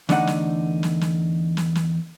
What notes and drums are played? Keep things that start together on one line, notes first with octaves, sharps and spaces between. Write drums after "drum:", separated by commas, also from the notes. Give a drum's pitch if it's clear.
E2 D3 A3 D4 D#4 F#5, drum: snare
drum: snare
drum: snare
drum: snare
drum: snare
drum: snare